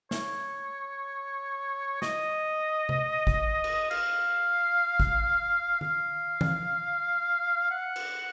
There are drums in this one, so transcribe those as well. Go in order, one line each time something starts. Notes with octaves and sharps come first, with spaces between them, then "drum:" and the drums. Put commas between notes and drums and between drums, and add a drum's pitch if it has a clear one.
C#5, drum: snare
D#5, drum: snare
drum: tom C3
drum: kick G#1
drum: cymbal
F5, drum: cymbal
drum: kick G#1
F5, drum: tom D#3
drum: tom E3
F#5
drum: cymbal